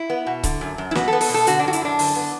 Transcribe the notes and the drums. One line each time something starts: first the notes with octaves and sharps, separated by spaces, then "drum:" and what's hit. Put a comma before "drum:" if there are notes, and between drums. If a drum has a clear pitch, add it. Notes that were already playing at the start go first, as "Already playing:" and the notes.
Already playing: E4
B3
B2
D3, drum: kick C#1, hi-hat
F#2
F#2
E4
B3 F#4, drum: snare
A4
B3
A4, drum: open hi-hat
B2
A4
D3 F#4, drum: hi-hat
D4
F#2 F#4
E4, drum: hi-hat
F#2 D4
D3, drum: open hi-hat
B3